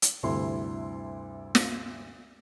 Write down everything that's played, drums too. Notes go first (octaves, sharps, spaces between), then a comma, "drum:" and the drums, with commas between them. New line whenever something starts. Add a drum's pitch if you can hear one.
drum: hi-hat
D2 G2 C3 E4 A4 C6
drum: snare